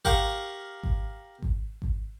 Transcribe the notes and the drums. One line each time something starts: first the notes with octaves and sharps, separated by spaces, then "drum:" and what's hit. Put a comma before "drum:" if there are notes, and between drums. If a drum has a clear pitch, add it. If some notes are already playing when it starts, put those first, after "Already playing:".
G4 A#4 F5 F#5 C#6, drum: kick G#1
drum: kick G#1
drum: kick G#1
drum: kick G#1